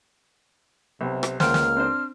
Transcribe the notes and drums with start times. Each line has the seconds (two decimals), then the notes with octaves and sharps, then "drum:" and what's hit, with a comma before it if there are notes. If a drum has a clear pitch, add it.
1.01 B1 C3
1.23 drum: rim click
1.40 C#2 A#3 C5 F#5 G5 F6, drum: snare
1.54 drum: snare
1.77 C4 D4 C5